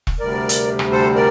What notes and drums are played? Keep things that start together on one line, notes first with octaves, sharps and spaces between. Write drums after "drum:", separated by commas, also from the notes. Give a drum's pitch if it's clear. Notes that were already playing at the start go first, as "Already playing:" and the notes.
drum: kick E1
D2 C3 G3 A#4 D5
drum: hi-hat
drum: rim click
A4 C5
A#4 D5